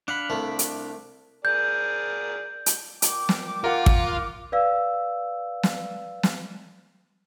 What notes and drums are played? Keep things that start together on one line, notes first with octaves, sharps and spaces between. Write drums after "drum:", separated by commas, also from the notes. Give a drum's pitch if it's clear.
D4 F5 F#5 B5
C2 A3
drum: hi-hat
G#4 A#4 D5 G6
drum: hi-hat
A#2 G5 D6, drum: hi-hat
drum: snare
F4 A#4 F#5
drum: kick
B4 D5 F5 E6
drum: snare
drum: snare